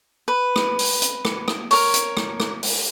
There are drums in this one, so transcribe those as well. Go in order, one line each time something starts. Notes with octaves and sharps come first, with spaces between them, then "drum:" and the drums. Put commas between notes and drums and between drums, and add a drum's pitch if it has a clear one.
B4
drum: rim click
drum: open hi-hat
drum: hi-hat
drum: rim click
drum: rim click
A#4 C#5, drum: open hi-hat
drum: hi-hat
drum: rim click
drum: rim click
drum: open hi-hat